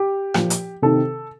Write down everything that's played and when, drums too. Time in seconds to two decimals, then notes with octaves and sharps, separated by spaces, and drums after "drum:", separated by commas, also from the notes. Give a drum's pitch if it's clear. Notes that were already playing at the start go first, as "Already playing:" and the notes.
Already playing: G4
0.34 A#2 F3, drum: rim click
0.50 drum: hi-hat
0.82 C3 D#3 A4